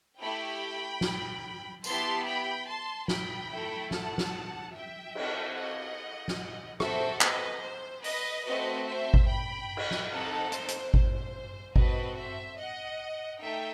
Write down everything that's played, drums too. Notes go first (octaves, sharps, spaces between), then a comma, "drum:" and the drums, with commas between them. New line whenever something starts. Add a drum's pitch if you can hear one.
A3 E4 G4 G5 B5
drum: snare
B3 E4 G4 A5 C6, drum: tambourine
G5 B5
A5 C6
G5 B5, drum: snare
A3 E4 A4
F#5 A5, drum: snare
drum: snare
E5 G5
C4 F#4 A4, drum: cymbal
D#5 F#5
drum: snare
C4 F#4 A4 C5 E5, drum: rim click
B4 D#5, drum: clap
C5
B4 D#5, drum: open hi-hat
A3 C4 F#4 B4 D#5
C5 E5
drum: kick G#1
G5 B5
drum: cymbal
drum: snare
C4 D#4 A4 F#5 A5
C5, drum: hi-hat
drum: hi-hat
C5, drum: kick G#1
C4 F#4 A4 B4 D#5, drum: kick G#1
C5 E5
D#5 F#5
A3 D#4 A4 E5 G5